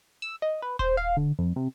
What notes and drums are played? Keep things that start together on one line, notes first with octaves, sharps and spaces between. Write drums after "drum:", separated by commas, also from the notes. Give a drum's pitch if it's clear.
E6
D#5
B4
C5, drum: kick D#1
F5
D3
F2
C3